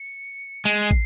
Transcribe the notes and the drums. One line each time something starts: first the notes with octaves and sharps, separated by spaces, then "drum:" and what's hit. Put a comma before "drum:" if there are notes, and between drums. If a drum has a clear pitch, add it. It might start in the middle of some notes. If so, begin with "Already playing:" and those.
Already playing: C#7
G#3 C7
drum: kick, hi-hat